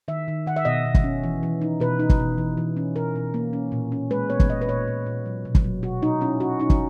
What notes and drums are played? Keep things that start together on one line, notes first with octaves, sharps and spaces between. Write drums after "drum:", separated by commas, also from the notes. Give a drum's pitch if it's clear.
D#3 E5
D#3
D#3 F#5
E5
B2 D#5
B2
drum: kick
C#4
E3
E3
D#4
B2 B4
D#4
drum: kick
B2
E3
E3
C#4
B2 A#4
B2
A#3
C#4
A#2
C#4
G#3 B4
B3 C#5
drum: kick
A#2 D#5
B4
A#2 C#5
A#2
A#2
F#3
B2
drum: kick
F#3
B2 F#4
B2 D#4
C#4 E4
C#4 F#4
C#4 D#4
drum: kick